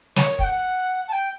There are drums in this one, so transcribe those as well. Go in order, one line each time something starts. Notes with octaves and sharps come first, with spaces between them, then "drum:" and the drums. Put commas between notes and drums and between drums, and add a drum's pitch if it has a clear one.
C#5, drum: snare
G5, drum: kick
F#5
A5
G5